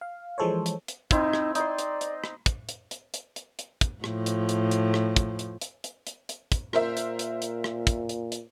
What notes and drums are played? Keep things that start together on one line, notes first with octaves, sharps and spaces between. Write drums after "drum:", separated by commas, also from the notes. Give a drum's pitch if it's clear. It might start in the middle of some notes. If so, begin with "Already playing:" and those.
F5
E3 F3 G#3 A4 C5 C#5
drum: hi-hat
drum: hi-hat
C4 D#4 E4, drum: kick, hi-hat
drum: rim click
D#4 D5 C6, drum: hi-hat
drum: hi-hat
drum: hi-hat
drum: rim click
drum: kick, hi-hat
drum: hi-hat
drum: hi-hat
drum: hi-hat
drum: hi-hat
drum: hi-hat
drum: kick, hi-hat
A2 F3, drum: rim click
drum: hi-hat
drum: hi-hat
drum: hi-hat
drum: rim click
drum: kick, hi-hat
drum: hi-hat
drum: hi-hat
drum: hi-hat
drum: hi-hat
drum: hi-hat
drum: kick, hi-hat
A#2 A#4 C5 E5, drum: rim click
drum: hi-hat
drum: hi-hat
drum: hi-hat
drum: rim click
drum: kick, hi-hat
drum: hi-hat
drum: hi-hat